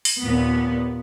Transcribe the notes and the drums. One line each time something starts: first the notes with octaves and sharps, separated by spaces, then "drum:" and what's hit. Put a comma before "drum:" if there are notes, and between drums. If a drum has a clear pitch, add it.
drum: open hi-hat
D#2 A#2 B3